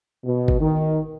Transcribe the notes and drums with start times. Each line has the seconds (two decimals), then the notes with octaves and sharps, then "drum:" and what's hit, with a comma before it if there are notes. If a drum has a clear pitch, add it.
0.25 B2
0.48 drum: kick G1
0.61 D#3